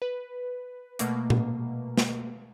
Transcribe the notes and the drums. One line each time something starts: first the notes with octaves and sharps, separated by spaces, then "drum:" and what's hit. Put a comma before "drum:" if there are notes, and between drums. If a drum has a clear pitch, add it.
B4
B2 A3 A#3, drum: hi-hat
drum: tom A#2
drum: snare